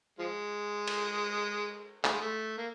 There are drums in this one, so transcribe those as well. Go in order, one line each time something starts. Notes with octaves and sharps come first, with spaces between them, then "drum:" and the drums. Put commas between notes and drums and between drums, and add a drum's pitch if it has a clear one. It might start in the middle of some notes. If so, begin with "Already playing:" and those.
F3 G#3
drum: cymbal
A3, drum: clap
G#3
A3
A#3